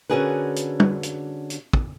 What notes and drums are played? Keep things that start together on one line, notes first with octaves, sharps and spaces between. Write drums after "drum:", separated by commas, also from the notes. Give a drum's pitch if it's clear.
D3 C#4 F#4 G#4 A#4 B4
drum: hi-hat
drum: tom
drum: hi-hat
drum: hi-hat
drum: kick